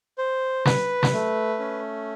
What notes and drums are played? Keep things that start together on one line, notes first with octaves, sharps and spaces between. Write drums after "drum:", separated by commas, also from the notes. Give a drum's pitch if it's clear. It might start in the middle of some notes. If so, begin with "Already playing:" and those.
C5
B4, drum: snare
drum: snare
A3
C#4